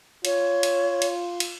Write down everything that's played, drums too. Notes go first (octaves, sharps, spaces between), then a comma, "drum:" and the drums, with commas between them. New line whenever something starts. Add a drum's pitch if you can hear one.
F4 C#5, drum: cymbal
drum: cymbal
drum: cymbal
drum: cymbal